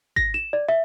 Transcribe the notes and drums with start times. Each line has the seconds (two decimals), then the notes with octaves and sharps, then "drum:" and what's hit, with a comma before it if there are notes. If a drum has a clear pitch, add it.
0.16 A#6, drum: kick G#1
0.34 E7
0.53 D5
0.69 E5